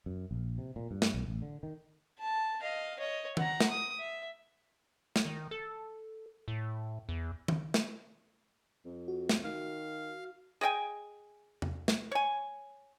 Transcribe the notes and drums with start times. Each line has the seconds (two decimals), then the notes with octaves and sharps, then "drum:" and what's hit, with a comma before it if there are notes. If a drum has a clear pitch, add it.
0.06 F#2
0.31 A#1
0.58 C3
0.76 A#2
0.91 G2
1.02 drum: snare
1.14 B1
1.28 A1
1.42 D3
1.63 D#3
2.19 A5
2.62 D#5 F5
2.99 C#5 D#5
3.37 F#5 A#5, drum: tom D#3
3.60 drum: snare
3.70 D#6
3.99 E5
5.16 drum: snare
5.25 D#3
5.51 A4
6.48 A2
7.09 E2
7.48 drum: tom D#3
7.74 drum: snare
8.85 F2
9.08 F#4
9.29 drum: snare
9.44 D#3 F5
10.61 G#4 D#5 G5 G#5
11.62 drum: tom E2
11.88 drum: snare
12.11 C#5 G#5